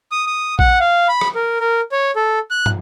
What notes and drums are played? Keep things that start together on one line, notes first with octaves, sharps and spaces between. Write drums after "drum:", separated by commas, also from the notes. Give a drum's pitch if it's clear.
D#6
D#6
F#5, drum: kick A#1
F5
B5
drum: rim click
A#4
A#4
C#5
A4
F#6
drum: tom